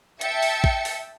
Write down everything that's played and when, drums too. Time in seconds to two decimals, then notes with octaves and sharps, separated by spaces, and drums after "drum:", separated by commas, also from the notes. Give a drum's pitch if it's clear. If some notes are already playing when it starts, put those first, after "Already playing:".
0.21 E5 G5 A5 C#7, drum: hi-hat
0.43 drum: open hi-hat
0.64 drum: kick
0.85 drum: open hi-hat